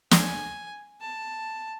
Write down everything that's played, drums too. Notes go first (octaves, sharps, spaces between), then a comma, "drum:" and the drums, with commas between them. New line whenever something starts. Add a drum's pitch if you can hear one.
G#5, drum: snare
A5